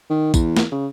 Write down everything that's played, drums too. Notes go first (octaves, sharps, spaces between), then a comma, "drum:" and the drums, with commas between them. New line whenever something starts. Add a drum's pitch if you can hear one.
D#3
E2, drum: kick, tambourine
drum: snare
C#3